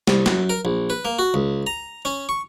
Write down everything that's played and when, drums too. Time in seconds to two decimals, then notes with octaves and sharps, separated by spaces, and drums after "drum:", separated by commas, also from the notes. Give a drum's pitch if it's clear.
0.08 C2, drum: snare
0.26 F#2, drum: snare
0.50 A#4
0.65 A#1
0.90 B4
1.05 A#3
1.19 F#4
1.34 C#2
1.67 A#5
2.05 C#4
2.29 C#6